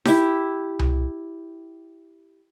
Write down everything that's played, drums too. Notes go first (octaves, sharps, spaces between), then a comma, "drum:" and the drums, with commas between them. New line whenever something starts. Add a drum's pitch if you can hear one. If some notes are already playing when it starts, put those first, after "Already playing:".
E4 G4, drum: snare D#4
drum: tom C2